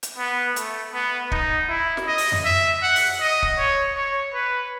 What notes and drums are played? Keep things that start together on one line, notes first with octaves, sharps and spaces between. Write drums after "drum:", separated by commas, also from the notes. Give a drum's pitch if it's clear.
drum: hi-hat
B3
A3, drum: hi-hat
B3
D#4, drum: kick
E4
drum: snare
D#5
drum: open hi-hat
drum: tom F2
E5
F#5
drum: open hi-hat
D#5
drum: kick
C#5
C#5
B4